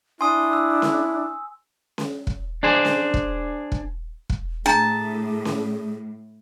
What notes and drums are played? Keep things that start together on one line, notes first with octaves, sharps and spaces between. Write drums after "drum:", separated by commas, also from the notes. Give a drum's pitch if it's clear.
D4 E4 G#5 C6 D#6
E6
drum: snare C#4
drum: snare C#4
drum: kick
D4 G#4 C5
drum: snare C#4
drum: kick
drum: kick
drum: kick
A2 D4 G#4 A5 A#5
drum: snare C#4